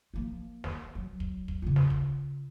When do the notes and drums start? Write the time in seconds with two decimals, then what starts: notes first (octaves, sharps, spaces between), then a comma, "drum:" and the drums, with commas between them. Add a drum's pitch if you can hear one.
0.14 F3 A#3
0.64 drum: snare
0.95 F#3
1.20 drum: kick
1.48 drum: kick
1.62 C#3 F4
1.76 drum: snare
1.90 drum: kick